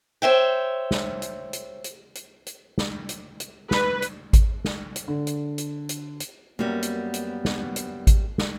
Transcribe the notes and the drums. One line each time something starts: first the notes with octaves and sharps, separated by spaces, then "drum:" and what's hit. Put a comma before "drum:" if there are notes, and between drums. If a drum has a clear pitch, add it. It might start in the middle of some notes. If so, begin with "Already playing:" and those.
C5 C#5 E5 G5
drum: snare
drum: hi-hat
drum: hi-hat
drum: hi-hat
drum: hi-hat
drum: hi-hat
drum: snare
drum: hi-hat
drum: hi-hat
B4, drum: snare
drum: hi-hat
drum: kick G#1, hi-hat
drum: snare
drum: hi-hat
D3
drum: hi-hat
drum: hi-hat
drum: hi-hat
drum: hi-hat
F#2 G3 A#3 B3 F#4
drum: hi-hat
drum: hi-hat
drum: snare
drum: hi-hat
drum: kick G#1, hi-hat
drum: snare